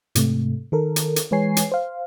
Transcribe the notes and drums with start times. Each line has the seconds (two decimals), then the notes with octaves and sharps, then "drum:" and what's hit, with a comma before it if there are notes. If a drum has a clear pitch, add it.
0.15 G#2 C3 A3, drum: hi-hat
0.72 D#3 A4 A#4
0.96 drum: hi-hat
1.16 drum: hi-hat
1.31 E3 G#3 B4 C#5 G#5 C7
1.57 drum: hi-hat
1.72 C5 F5